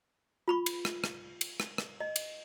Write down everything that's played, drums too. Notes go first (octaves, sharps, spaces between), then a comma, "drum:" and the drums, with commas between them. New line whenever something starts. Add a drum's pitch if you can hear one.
F4 B5 C#6
drum: cymbal
drum: rim click
drum: rim click
drum: cymbal
drum: rim click
drum: rim click
D#5
drum: cymbal